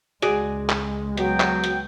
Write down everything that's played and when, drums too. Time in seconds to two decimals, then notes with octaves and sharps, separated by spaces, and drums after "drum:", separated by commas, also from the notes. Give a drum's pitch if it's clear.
0.22 C#2 G#3 F#4 G#4 D5, drum: hi-hat
0.70 drum: clap
1.17 F#3 B3 G5, drum: hi-hat
1.40 drum: clap
1.64 drum: hi-hat